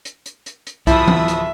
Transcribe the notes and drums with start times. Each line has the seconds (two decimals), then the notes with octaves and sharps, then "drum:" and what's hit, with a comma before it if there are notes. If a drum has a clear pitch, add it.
0.05 drum: hi-hat
0.26 drum: hi-hat
0.46 drum: hi-hat
0.67 drum: hi-hat
0.87 D1 F3 E4 E5 B5 D#6 E6, drum: kick B1, hi-hat
1.08 drum: tom E3
1.28 drum: hi-hat